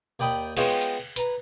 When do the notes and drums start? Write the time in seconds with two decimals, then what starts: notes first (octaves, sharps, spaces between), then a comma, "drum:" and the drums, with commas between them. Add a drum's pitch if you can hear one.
0.19 D#2 D5 G5 B5 D#6
0.57 G#3 B3 F4 C#5 G5, drum: cymbal
0.81 drum: hi-hat
1.16 B4 A#5, drum: hi-hat